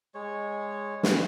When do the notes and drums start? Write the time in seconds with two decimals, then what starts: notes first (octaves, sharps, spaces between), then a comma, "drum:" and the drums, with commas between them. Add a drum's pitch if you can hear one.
0.15 G#3 C#5
1.03 drum: snare